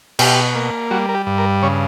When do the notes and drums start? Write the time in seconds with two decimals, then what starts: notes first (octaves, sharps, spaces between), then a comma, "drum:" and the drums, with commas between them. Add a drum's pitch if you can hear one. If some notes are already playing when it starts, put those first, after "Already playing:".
0.19 B2 G4, drum: cymbal
0.55 A#3
0.91 G3 F#4
1.09 A#4
1.15 G4
1.27 G2
1.38 A#4
1.63 C#3 C#5